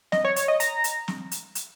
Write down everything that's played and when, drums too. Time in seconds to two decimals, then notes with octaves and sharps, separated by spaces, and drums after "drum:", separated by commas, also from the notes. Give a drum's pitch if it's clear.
0.12 D#5, drum: snare
0.25 C#5
0.36 C#5, drum: hi-hat
0.48 D#5
0.60 A#5, drum: hi-hat
0.84 drum: hi-hat
1.08 drum: snare
1.31 drum: hi-hat
1.55 drum: hi-hat